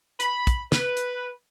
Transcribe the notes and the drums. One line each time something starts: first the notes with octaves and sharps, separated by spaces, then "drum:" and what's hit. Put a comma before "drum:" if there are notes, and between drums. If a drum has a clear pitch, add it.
B5, drum: hi-hat
drum: kick, hi-hat
B4, drum: snare
drum: hi-hat